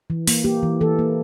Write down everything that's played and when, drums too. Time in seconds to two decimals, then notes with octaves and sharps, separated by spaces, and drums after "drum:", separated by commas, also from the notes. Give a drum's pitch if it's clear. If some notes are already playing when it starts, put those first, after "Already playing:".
0.10 E3
0.28 A#3, drum: open hi-hat
0.44 A#3 G4
0.63 E3
0.81 E3 A4
0.99 A#3